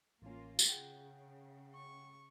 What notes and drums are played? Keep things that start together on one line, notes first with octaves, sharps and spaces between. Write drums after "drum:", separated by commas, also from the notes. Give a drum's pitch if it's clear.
A1 A#3 C#4 F4
drum: tambourine
C#3 G#4 F#5 G5
C#6